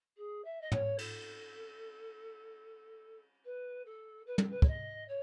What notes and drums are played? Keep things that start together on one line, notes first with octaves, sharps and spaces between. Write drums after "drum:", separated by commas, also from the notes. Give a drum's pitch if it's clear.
G#4
E5
D#5
C#5, drum: tom
A4, drum: cymbal
B4
A4
B4
A4, drum: tom
B4
C#5, drum: kick
D#5
C#5